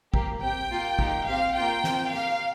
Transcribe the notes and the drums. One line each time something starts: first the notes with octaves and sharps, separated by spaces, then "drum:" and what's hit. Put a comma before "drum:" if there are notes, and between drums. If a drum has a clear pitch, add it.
A#3 G4, drum: kick
C4 G4 G5
A#3 F4
A#3 D#4 G4, drum: kick
C4 G4 F5
A#3 F4 G5
C4 F4, drum: snare
A#3 G4 F5